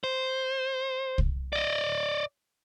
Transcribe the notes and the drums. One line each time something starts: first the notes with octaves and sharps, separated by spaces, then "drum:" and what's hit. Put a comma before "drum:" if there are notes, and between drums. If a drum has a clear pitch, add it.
C5
drum: kick C2
D5 D#5